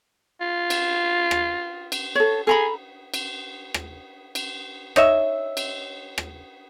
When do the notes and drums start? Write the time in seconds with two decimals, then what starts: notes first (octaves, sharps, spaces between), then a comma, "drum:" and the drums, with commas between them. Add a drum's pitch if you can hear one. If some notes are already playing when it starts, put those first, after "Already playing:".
0.41 F4
0.70 drum: cymbal
1.31 drum: rim click
1.92 drum: cymbal
2.15 A4 C#5
2.47 G#4 A4 A#5 B5
3.14 drum: cymbal
3.74 drum: rim click
4.35 drum: cymbal
4.96 D#4 C#5 E5, drum: rim click
5.57 drum: cymbal
6.18 drum: rim click